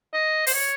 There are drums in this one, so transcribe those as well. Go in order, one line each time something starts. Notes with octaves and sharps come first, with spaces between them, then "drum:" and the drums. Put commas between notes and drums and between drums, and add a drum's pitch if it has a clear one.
D#5
C5, drum: open hi-hat
C#5